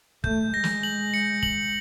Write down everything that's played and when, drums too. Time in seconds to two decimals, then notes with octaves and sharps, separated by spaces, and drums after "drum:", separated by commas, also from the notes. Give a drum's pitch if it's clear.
0.24 A3 G6, drum: kick
0.53 G#3 A#6
0.64 drum: snare
0.83 F#7
1.14 C#7
1.43 F#7, drum: kick